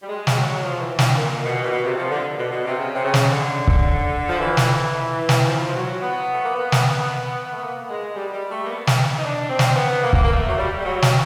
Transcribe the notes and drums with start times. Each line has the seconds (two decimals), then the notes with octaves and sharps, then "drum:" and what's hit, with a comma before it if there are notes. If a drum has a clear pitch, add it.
0.03 G3
0.09 G#3
0.27 drum: snare
0.36 F#3
0.63 F3
0.80 E3
0.99 D3, drum: snare
1.17 A#2
1.44 B2
1.64 A#2
1.70 B2
1.84 C3
1.97 F3
2.10 D3
2.37 B2
2.51 B2
2.65 C3
2.78 C#3
2.95 C3
3.04 C#3
3.14 drum: snare
3.31 D3
3.67 drum: kick C#1
4.28 F3
4.40 E3
4.57 drum: snare
5.29 drum: snare
5.46 F3
5.69 F3
5.74 F#3
6.00 B3
6.33 A3
6.44 A#3
6.55 B3
6.72 drum: snare
7.51 A3
7.62 A#3
7.89 G#3
8.16 G3
8.33 G3
8.51 A3
8.63 A#3
8.70 B3
8.87 drum: snare
9.18 D#4
9.24 D4
9.50 C4
9.59 drum: snare
9.76 B3
10.04 A#3
10.13 drum: kick C#1
10.23 A#3
10.31 A3
10.48 F#3
10.58 G3
10.80 G3
10.85 F#3
11.02 drum: snare